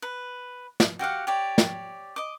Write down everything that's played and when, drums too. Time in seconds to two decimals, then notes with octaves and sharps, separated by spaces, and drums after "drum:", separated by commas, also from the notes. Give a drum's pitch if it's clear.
0.02 B4
0.80 drum: snare
0.99 F#4 G4 F5 F#5
1.27 G4 C#5 D5
1.58 drum: snare
2.16 D#5 D6